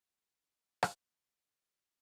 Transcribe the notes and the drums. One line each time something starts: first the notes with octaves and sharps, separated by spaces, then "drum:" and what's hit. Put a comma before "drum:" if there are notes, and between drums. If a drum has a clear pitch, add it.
F4 G4 G#4 B4 C5
drum: rim click